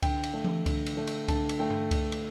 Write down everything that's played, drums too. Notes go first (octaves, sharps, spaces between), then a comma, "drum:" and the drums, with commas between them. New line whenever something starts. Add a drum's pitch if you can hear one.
D3 G5, drum: kick C#2, cymbal
drum: cymbal
A3
drum: tom E3
D3, drum: kick C#2, cymbal
drum: cymbal
A3
drum: cymbal
D3 A5, drum: kick C#2, cymbal
drum: cymbal
A3 G5
drum: tom G2
drum: kick C#2, cymbal
drum: cymbal